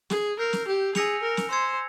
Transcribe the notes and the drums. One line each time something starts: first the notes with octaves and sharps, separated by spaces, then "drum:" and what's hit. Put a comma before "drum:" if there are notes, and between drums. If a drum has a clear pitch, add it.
G#4, drum: snare
A#4 E6 G6 C7 F7
drum: snare
G4
G#4 G#5 E6 A#6 C#7 F7, drum: snare
A#4
drum: snare
C5 C6 E6 G#6 C#7